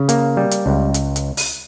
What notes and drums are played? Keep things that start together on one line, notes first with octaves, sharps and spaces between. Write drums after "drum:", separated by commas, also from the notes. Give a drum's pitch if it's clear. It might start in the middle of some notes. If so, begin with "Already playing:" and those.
Already playing: C#3
A#3, drum: hi-hat
G3
drum: hi-hat
C#2
drum: hi-hat
drum: hi-hat
drum: open hi-hat